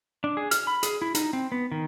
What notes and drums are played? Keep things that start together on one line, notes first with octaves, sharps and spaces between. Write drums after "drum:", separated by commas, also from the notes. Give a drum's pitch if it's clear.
D4
G#4
F6, drum: hi-hat
B5
G#4, drum: hi-hat
E4
D#4, drum: hi-hat
C4
B3
D#3